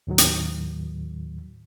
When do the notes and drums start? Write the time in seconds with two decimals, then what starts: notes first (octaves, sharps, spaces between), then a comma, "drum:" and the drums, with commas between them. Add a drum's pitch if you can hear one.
0.07 D#2 A2 D#3 F#3
0.18 drum: hi-hat